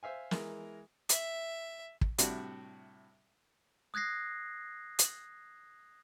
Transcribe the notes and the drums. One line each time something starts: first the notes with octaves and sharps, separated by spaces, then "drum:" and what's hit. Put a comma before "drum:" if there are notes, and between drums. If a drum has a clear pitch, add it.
C5 E5 F5 G#5
E3 G#3 A#4, drum: snare
E5, drum: hi-hat
drum: kick
A2 C3 G3 D4 F#4, drum: hi-hat
D#6 F#6 G#6 A#6 C7
drum: hi-hat